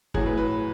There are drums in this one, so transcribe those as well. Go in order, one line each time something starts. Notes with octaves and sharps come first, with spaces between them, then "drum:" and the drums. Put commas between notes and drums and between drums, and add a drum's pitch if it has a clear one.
A2 F#3 G#4, drum: kick
B4
B4